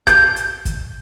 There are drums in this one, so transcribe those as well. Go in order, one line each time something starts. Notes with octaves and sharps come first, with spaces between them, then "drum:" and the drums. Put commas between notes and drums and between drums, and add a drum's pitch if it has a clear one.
G6, drum: kick, hi-hat
drum: hi-hat
drum: kick, hi-hat